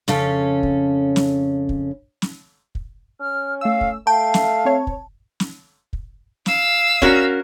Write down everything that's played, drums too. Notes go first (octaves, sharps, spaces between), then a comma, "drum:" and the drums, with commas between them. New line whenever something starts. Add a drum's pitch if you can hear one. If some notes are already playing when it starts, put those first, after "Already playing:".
F2 C#3 C#4 A4, drum: snare
drum: kick
drum: snare
drum: kick
drum: snare
drum: kick
C#4 F6
A3 F5 E6
drum: kick
A3 F5 G5 A5
drum: snare
C4 C#5
drum: kick
drum: snare
drum: kick
F5 E6, drum: snare
C#4 F#4 A#4, drum: kick